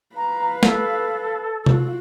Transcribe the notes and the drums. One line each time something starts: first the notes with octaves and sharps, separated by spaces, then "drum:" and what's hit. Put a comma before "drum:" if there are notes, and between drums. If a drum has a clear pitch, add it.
B4 F5 A#5
A4, drum: snare
F4 F#4, drum: tom C3